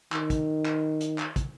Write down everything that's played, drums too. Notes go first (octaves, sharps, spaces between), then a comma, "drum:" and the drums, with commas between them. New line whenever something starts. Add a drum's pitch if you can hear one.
D#3, drum: clap
drum: kick, hi-hat
drum: clap
drum: hi-hat
drum: clap
drum: kick, hi-hat